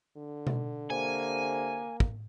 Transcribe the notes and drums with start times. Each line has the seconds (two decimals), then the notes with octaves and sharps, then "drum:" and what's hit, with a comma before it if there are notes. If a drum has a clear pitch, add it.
0.17 D3
0.47 drum: tom B2
0.90 C3 A#3 G#5
2.00 drum: kick